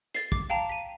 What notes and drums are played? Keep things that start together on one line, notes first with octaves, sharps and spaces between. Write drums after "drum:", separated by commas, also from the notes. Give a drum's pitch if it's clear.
A6 C7, drum: hi-hat
D6, drum: kick
F5 G5 A5 A#5
B6 D#7